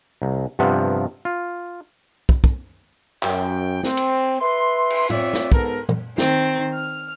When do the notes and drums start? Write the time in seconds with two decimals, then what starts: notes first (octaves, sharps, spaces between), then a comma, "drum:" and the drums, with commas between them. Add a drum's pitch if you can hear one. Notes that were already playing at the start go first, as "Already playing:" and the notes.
0.22 C2
0.59 G2 C3 F3 B3 F#5
1.25 F4
2.29 drum: kick
2.44 drum: kick
3.23 F#2 G5, drum: clap
3.83 C4, drum: snare
3.97 drum: cymbal
4.40 B4 E5 C6
4.90 drum: cymbal
5.10 C4 F4 C#5 D5 E5, drum: tom A2
5.33 drum: snare
5.52 G#2 B3 A4 A#4, drum: kick
5.89 drum: tom
6.18 D#3 C4, drum: snare
6.74 F6